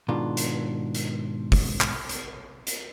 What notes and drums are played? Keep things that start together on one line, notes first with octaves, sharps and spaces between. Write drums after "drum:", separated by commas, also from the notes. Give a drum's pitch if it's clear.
G#2 B2 D#3 D4 F4
drum: hi-hat
drum: hi-hat
drum: kick, open hi-hat
drum: clap
drum: hi-hat
drum: hi-hat